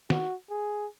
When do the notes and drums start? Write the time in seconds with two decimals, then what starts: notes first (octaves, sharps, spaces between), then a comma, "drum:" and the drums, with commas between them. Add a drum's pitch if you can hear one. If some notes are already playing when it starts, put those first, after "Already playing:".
0.10 F#4, drum: snare
0.50 G#4